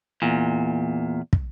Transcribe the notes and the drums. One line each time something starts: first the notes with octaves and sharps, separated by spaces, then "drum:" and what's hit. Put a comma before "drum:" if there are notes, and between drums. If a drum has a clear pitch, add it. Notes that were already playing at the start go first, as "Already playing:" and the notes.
E2 A#2
drum: kick